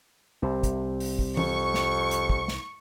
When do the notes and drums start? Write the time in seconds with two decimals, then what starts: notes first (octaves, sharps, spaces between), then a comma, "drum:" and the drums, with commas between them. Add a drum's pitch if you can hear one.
0.42 C2 C4 G4 C5
0.63 drum: kick, hi-hat
1.00 drum: open hi-hat
1.19 drum: kick
1.37 F2 C#6, drum: tom E3
1.74 drum: snare
2.11 drum: hi-hat
2.30 drum: kick
2.48 drum: snare